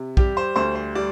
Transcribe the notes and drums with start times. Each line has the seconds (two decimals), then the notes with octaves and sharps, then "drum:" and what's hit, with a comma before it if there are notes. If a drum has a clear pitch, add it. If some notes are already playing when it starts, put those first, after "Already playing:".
Already playing: C3
0.17 G3 G4, drum: kick A#1
0.37 C5
0.56 D2 C5
0.75 C5
0.95 G3 D5